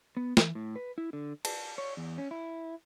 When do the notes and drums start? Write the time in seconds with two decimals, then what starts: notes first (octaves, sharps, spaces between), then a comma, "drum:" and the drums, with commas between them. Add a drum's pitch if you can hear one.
0.17 B3
0.37 E3, drum: snare
0.55 A2
0.76 B4
0.98 E4
1.13 D3
1.45 A5, drum: cymbal
1.78 C#5
1.97 E2
2.18 C#4
2.31 E4